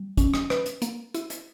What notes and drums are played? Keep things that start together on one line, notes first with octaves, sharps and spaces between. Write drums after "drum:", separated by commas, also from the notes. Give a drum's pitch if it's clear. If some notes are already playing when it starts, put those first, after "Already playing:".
Already playing: G3
C#4, drum: kick, hi-hat
drum: rim click
B4, drum: rim click
drum: hi-hat
A#3, drum: hi-hat
E4, drum: hi-hat
drum: hi-hat